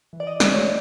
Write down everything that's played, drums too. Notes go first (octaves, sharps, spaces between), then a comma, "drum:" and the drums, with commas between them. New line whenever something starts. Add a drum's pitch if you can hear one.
E3
D5
D#5
A3 C4 D5, drum: snare
C#5